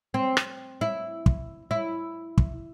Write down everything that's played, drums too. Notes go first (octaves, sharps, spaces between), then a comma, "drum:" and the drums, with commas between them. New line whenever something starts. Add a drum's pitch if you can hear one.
C4
drum: rim click
E4
drum: kick
E4
drum: kick